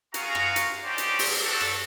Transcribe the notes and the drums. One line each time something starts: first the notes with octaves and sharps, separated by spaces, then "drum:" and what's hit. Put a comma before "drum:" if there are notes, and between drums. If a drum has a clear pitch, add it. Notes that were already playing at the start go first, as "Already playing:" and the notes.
F4 F#4 G#4 F5 A#5 C#6, drum: hi-hat
drum: rim click
drum: hi-hat
C#4 D#4 F#4 G4 C5 D5
drum: hi-hat
drum: open hi-hat
D4 F#4 G4 A4
drum: rim click